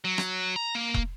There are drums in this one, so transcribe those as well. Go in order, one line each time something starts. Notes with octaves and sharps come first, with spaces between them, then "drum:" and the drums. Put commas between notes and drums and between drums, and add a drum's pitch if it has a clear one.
F#3
drum: rim click
A#5
A#3
drum: kick